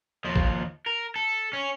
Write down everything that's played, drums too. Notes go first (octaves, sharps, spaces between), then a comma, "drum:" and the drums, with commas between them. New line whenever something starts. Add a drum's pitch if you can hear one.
D#2 F3
drum: kick
A#4
A4
C#4